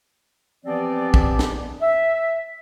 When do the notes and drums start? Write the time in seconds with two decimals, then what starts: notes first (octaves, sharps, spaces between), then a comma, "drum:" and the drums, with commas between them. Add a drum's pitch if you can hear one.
0.65 E3 F3 B3 C4 G4 D5
1.14 drum: kick
1.39 drum: snare
1.80 E5